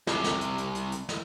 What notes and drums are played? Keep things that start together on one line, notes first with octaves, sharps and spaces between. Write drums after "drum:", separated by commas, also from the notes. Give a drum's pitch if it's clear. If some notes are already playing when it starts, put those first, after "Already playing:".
C2 C3, drum: snare
drum: snare
drum: hi-hat
drum: hi-hat
drum: hi-hat
drum: hi-hat
drum: snare